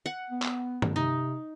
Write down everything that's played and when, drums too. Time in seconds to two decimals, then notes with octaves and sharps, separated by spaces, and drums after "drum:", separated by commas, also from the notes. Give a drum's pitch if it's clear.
0.06 F#5
0.30 B3
0.42 drum: clap
0.82 drum: tom
0.96 C3 D#4